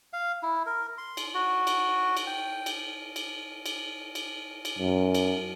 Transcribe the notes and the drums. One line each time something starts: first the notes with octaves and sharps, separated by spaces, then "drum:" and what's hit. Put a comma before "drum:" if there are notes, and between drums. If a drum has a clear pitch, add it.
F5
E4
A#4
C6
drum: cymbal
F#4
drum: cymbal
drum: cymbal
G5
drum: cymbal
drum: cymbal
drum: cymbal
drum: cymbal
drum: cymbal
F#2
drum: cymbal